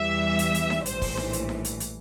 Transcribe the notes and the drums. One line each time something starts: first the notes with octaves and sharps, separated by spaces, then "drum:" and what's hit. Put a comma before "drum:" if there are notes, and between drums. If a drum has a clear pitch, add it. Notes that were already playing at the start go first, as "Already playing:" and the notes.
Already playing: E2 E3 G3 E5
drum: hi-hat
drum: hi-hat
drum: snare D#4
A#1 A2 E3 G3 C5, drum: hi-hat
drum: kick, open hi-hat
drum: snare D#4
drum: hi-hat
drum: snare D#4
drum: hi-hat
drum: hi-hat